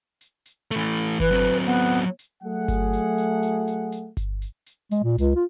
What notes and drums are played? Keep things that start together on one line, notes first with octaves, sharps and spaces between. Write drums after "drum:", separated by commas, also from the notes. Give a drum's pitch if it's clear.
drum: hi-hat
drum: hi-hat
E3 A3, drum: hi-hat
drum: hi-hat
E3 B4, drum: kick G1, hi-hat
F#3 C4
drum: hi-hat
B3
drum: hi-hat
drum: hi-hat
F#3 A3 G#4 F#5
drum: kick G1, hi-hat
drum: hi-hat
drum: hi-hat
drum: hi-hat
drum: hi-hat
drum: hi-hat
drum: kick G1, hi-hat
drum: hi-hat
drum: hi-hat
G#3, drum: hi-hat
A#2
C#2, drum: hi-hat
F4